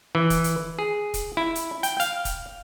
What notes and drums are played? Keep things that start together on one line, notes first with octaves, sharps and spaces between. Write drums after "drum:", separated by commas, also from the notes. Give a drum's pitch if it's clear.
E3
drum: kick, hi-hat
drum: hi-hat
G#4
drum: kick, hi-hat
E4
drum: hi-hat
G5, drum: hi-hat
F5, drum: hi-hat
drum: kick, hi-hat